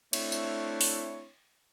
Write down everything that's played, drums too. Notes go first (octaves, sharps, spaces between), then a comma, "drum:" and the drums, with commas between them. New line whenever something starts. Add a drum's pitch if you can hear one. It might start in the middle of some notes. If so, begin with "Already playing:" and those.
A3 C4 D4 E4 C#5, drum: cymbal
drum: tambourine
drum: open hi-hat